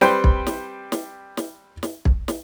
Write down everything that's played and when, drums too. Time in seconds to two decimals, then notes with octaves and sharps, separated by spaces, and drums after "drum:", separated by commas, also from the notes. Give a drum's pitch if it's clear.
0.01 G3 C4 B4 C5 G5, drum: snare
0.24 drum: kick
0.47 drum: snare
0.92 drum: snare
1.37 drum: snare
1.83 drum: snare
2.05 drum: kick
2.28 drum: snare